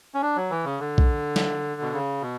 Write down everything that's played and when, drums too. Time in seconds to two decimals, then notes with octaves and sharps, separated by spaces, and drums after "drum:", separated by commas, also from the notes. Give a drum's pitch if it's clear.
0.14 C#4
0.22 D4
0.36 F#3
0.50 E3
0.65 C#3
0.79 D3
0.98 drum: kick B1
1.36 drum: snare
1.81 B2
1.93 C#3
2.21 B2